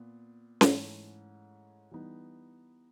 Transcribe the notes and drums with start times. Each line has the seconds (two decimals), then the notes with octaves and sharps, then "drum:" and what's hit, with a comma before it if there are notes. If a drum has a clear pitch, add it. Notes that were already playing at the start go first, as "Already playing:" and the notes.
Already playing: A#2 B3
0.61 G#2 E3 A3 C#4, drum: snare C#4
1.91 E3 G3 B3 D#4